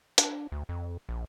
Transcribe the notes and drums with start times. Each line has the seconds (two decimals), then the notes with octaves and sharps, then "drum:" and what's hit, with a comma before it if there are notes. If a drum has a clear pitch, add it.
0.18 D4, drum: hi-hat
0.52 D2
0.69 F2
1.09 A#1